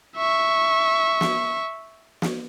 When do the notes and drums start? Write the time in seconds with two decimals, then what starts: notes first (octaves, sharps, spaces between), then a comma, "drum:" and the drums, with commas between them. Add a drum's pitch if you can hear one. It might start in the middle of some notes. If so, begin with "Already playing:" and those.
0.17 E5 C#6
1.21 drum: snare
2.22 drum: snare